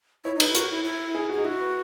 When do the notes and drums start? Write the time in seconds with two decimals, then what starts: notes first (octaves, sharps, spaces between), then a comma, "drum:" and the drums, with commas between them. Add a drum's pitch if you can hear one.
0.25 E4 C#5
0.36 D#4
0.40 B4, drum: cymbal
0.46 E4
0.55 F#4 A#4, drum: hi-hat
0.70 E4
0.84 E4
1.15 G#4
1.29 F#4 G#4
1.37 D#4
1.45 E4 F#4
1.60 B4